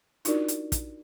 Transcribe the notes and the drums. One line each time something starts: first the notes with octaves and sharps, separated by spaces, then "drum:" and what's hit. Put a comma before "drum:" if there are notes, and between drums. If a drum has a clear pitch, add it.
D4 D#4 F4 F#4 A#4 D5, drum: hi-hat
drum: hi-hat
drum: kick, hi-hat